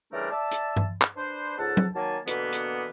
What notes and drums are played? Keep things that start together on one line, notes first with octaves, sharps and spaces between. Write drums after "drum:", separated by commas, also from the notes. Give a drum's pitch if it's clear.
C#3 E3 G3 A3 D4 A#4
D5 E5 A5
drum: hi-hat
drum: tom G2
drum: clap
D4 B4 C5
C#2 G#2 A4 F#5 A5
drum: tom F#3
D#3 F#3 A#3 G#5 A5
B2 D3 E3 A#3 B3, drum: hi-hat
drum: hi-hat